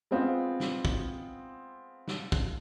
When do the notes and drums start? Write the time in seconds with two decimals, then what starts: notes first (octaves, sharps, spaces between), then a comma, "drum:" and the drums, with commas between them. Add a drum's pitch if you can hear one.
0.11 G#3 B3 C4 F4
0.60 drum: snare
0.85 drum: kick
2.08 drum: snare
2.32 drum: kick